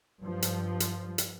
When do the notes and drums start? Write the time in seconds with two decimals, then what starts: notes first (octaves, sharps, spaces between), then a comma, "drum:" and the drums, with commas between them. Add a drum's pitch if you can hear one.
0.24 G2 F3
0.42 drum: hi-hat
0.80 drum: hi-hat
1.18 drum: hi-hat